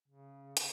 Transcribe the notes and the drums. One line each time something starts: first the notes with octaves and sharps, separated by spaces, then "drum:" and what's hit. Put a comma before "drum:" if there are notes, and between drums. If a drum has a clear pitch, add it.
C#3
C#3, drum: hi-hat